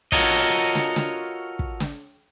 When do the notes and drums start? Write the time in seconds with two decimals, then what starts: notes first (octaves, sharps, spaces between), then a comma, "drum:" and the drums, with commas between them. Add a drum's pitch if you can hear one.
0.12 F4 F#4 A4 A#4 C#5 D#5, drum: kick
0.75 drum: snare
0.96 drum: snare
1.59 drum: kick
1.80 drum: snare